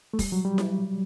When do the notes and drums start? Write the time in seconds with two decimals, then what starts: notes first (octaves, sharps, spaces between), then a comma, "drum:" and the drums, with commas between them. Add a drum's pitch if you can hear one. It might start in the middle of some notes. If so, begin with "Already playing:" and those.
0.14 A3
0.19 G3, drum: kick E1, open hi-hat
0.32 F#3
0.45 G3
0.58 drum: snare E4